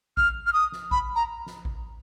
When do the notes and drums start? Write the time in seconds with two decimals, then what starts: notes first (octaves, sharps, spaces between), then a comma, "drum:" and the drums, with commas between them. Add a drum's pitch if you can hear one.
0.17 F6, drum: kick A1
0.46 F6
0.53 D#6
0.72 drum: snare
0.91 B5, drum: kick A1
1.16 A#5
1.46 drum: snare
1.65 drum: kick A1